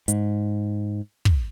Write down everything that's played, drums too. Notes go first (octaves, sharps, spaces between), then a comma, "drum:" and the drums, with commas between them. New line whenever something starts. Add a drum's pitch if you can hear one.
G#2, drum: hi-hat
drum: kick